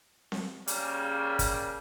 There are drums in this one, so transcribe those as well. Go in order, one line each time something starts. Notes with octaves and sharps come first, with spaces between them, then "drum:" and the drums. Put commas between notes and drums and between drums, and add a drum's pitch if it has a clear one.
drum: snare C4
C#3 G3 A#3, drum: hi-hat
drum: kick, hi-hat